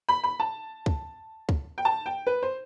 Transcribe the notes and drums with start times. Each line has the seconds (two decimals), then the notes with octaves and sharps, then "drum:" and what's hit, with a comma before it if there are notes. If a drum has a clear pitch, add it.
0.09 B5
0.24 B5
0.40 A5
0.86 drum: kick
1.49 drum: kick
1.78 G5
1.85 A5
2.06 G5
2.27 B4
2.43 C5